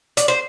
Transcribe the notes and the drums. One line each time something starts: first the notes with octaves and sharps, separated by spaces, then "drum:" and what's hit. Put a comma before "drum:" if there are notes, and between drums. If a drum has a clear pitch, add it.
D5, drum: hi-hat
C5